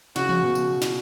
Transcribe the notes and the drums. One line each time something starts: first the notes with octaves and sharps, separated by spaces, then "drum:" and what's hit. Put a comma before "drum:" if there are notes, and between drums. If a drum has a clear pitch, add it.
C#3 F#4, drum: snare
drum: tom E3
B2
drum: tambourine
drum: snare